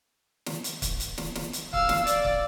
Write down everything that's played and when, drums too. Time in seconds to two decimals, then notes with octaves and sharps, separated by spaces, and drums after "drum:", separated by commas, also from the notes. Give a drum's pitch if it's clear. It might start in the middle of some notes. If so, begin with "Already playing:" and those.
0.46 drum: snare
0.64 drum: hi-hat
0.82 drum: kick, hi-hat
1.00 drum: hi-hat
1.18 drum: snare
1.35 drum: snare
1.53 drum: hi-hat
1.73 F5 E6, drum: kick
1.89 drum: snare
2.07 D5, drum: hi-hat
2.25 drum: kick